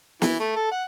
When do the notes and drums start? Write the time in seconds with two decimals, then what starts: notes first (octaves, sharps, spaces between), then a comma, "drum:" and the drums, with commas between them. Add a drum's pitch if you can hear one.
0.22 E3, drum: snare
0.40 A3
0.56 A4
0.71 F#5